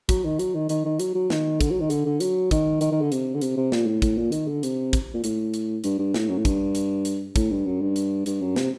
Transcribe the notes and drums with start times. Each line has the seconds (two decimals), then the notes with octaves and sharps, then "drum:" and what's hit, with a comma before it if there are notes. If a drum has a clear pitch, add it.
0.09 F#3, drum: kick, hi-hat
0.24 D#3
0.39 F#3, drum: hi-hat
0.54 D#3
0.69 D#3, drum: hi-hat
0.85 D#3
1.00 F#3, drum: hi-hat
1.15 F#3
1.30 D#3, drum: snare
1.61 D3, drum: kick, hi-hat
1.71 F#3
1.80 D#3
1.90 D3, drum: hi-hat
2.05 D3
2.20 F#3, drum: hi-hat
2.51 D#3, drum: kick, hi-hat
2.81 D#3, drum: hi-hat
2.91 D#3
3.01 D3
3.12 C3, drum: hi-hat
3.35 D3
3.41 C3, drum: hi-hat
3.57 C3
3.72 A#2, drum: snare
3.87 A2
4.02 A2, drum: kick, hi-hat
4.17 A#2
4.32 D#3, drum: hi-hat
4.47 D3
4.63 C3, drum: hi-hat
4.93 drum: kick, hi-hat
5.14 A#2
5.24 A2, drum: hi-hat
5.54 drum: hi-hat
5.84 G2, drum: hi-hat
5.99 G2
6.14 A2, drum: snare
6.29 F#2
6.38 A2
6.45 G2, drum: kick, hi-hat
6.75 drum: hi-hat
7.05 drum: hi-hat
7.36 A2, drum: kick, hi-hat
7.50 G2
7.66 F#2
7.81 G2
7.96 drum: hi-hat
8.26 G2, drum: hi-hat
8.41 F#2
8.56 C3, drum: snare